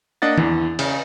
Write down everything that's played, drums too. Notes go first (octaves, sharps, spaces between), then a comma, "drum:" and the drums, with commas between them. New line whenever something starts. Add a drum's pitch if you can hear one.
A#3 D4 D#5 F#5 A6
E2 E3, drum: tom
C#3, drum: cymbal